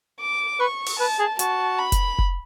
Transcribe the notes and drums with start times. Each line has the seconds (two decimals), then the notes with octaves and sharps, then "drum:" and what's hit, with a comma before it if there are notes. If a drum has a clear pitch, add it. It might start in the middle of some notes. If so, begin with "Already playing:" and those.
0.20 D6
0.60 B4 C#6
0.86 drum: open hi-hat
0.99 B4 A5
1.19 G#4
1.39 F#4 A5, drum: hi-hat
1.79 B5
1.92 drum: kick F1, hi-hat
2.18 drum: kick F1